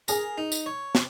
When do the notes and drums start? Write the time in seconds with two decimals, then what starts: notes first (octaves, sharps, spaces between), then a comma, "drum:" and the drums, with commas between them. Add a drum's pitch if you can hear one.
0.08 G#4 A#4, drum: tambourine
0.38 D#4
0.52 drum: tambourine
0.66 C#5
0.95 drum: snare